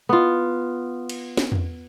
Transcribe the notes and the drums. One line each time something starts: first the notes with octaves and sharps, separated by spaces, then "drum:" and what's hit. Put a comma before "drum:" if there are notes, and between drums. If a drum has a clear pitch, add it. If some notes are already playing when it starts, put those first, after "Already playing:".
B3 F4
drum: cymbal
drum: snare
drum: tom E2